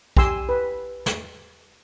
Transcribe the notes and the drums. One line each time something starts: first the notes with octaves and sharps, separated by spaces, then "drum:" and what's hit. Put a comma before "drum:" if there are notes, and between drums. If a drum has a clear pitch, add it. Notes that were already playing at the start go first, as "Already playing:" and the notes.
G4 G5 G#5 C6 E6, drum: kick B1
B4
drum: snare